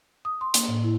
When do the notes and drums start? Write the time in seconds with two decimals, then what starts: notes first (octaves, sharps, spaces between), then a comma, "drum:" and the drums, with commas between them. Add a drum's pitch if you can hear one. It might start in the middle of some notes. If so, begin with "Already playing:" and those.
0.25 D#6
0.41 C6
0.54 A#3, drum: hi-hat
0.68 A2
0.84 E4